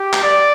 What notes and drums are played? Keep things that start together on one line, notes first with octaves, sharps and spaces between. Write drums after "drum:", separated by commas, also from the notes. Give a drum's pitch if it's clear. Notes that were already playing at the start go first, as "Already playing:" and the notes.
Already playing: G4
drum: clap
D5